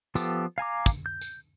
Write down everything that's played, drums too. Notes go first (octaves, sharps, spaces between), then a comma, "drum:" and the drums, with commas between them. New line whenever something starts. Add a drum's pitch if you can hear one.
F3 B3 F4 G4 A4, drum: tambourine
F5 G#5 A#5 D6
drum: kick, tambourine
G6
drum: tambourine